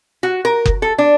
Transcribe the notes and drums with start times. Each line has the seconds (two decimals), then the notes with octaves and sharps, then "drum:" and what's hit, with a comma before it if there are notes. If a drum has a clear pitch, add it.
0.23 F#4
0.45 A#4
0.66 drum: kick F#1
0.82 A4
0.98 D4